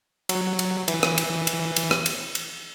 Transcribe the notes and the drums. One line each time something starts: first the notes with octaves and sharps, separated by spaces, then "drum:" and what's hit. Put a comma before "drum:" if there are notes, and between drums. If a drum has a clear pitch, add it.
F#3, drum: cymbal
drum: cymbal
E3, drum: cymbal
drum: rim click
drum: cymbal
drum: cymbal
drum: cymbal
drum: rim click
drum: cymbal
drum: cymbal